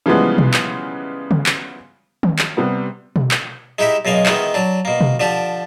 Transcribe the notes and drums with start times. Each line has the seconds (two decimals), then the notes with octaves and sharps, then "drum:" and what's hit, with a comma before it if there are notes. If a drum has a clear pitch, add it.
0.06 C#3 E3 F3 G3 G#3 B3
0.38 drum: tom B2
0.54 drum: clap
1.31 drum: tom C#3
1.46 drum: clap
2.23 drum: tom D#3
2.39 drum: clap
2.57 C3 G3 B3
3.16 drum: tom B2
3.31 drum: clap
3.79 G#3 D#4 E4 G4 E5
4.05 F#2 B2 G#3 F5 G#5
4.26 D#3 E3 G#3 B3, drum: clap
4.54 F#3 D4
4.85 B2 A#3
5.01 drum: tom B2
5.20 D3 F3 D4 G4